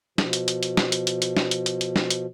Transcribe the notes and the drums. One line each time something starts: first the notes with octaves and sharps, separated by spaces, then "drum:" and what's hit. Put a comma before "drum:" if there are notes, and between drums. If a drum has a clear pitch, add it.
B2 F3, drum: snare
drum: hi-hat
drum: hi-hat
drum: hi-hat
drum: snare
drum: hi-hat
drum: hi-hat
drum: hi-hat
drum: snare
drum: hi-hat
drum: hi-hat
drum: hi-hat
drum: snare
drum: hi-hat